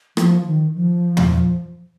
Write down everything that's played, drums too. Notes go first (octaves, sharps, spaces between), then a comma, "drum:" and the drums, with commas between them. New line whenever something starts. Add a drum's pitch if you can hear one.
F3, drum: rim click
D#3
F3
drum: tom